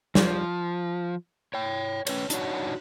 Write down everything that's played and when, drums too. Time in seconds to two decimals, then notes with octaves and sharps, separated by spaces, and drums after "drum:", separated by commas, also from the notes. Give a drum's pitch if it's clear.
0.15 F3, drum: snare
1.54 C#5 G5
2.07 C#4 B4 C#5, drum: cymbal
2.30 D4 D#4 F#4 C#5 F#5, drum: hi-hat